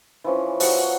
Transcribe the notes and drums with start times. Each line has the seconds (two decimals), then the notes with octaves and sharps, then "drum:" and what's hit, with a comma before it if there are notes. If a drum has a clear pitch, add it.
0.24 E3 F3 C#4
0.60 F3 F#3 F#5, drum: open hi-hat